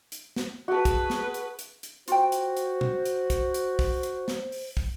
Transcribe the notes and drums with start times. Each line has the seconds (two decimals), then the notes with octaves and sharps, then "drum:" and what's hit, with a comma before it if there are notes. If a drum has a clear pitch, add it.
0.12 drum: hi-hat
0.36 drum: snare
0.68 F#4 G#4 B4 A5
0.85 drum: kick, hi-hat
1.10 drum: snare
1.34 drum: hi-hat
1.59 drum: hi-hat
1.83 drum: hi-hat
2.08 F4 F#4 C5 G5, drum: hi-hat
2.32 drum: hi-hat
2.57 drum: hi-hat
2.81 drum: tom B2
3.06 drum: hi-hat
3.30 drum: kick, hi-hat
3.54 drum: hi-hat
3.79 drum: kick, open hi-hat
4.03 drum: hi-hat
4.28 drum: snare
4.52 drum: open hi-hat
4.77 drum: kick